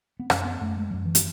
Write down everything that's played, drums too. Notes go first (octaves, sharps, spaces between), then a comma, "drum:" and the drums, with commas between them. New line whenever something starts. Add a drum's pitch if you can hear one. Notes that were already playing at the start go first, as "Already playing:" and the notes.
B3
F#2 C#4, drum: rim click
B3
F#2 A3
G#3
F#2 F#3
E3
drum: hi-hat